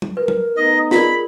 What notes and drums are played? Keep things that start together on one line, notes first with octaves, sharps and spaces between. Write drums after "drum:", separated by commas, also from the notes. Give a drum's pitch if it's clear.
drum: tom
A#4 B4
drum: tom
A3 B3 D#4 D#5
F4 G#4 A#4 D5 B5, drum: snare